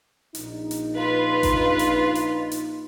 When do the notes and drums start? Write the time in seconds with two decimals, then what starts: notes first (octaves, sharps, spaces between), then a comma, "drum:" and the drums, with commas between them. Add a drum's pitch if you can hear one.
0.35 A#1 D#4, drum: hi-hat
0.71 drum: hi-hat
0.97 F4 B4
1.43 drum: kick A1, hi-hat
1.79 drum: hi-hat
2.15 drum: hi-hat
2.52 drum: hi-hat